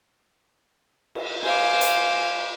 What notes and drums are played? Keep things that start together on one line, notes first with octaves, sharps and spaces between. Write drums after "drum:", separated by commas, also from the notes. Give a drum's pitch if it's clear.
drum: cymbal
C5 F5 G#5 D6, drum: cymbal
drum: hi-hat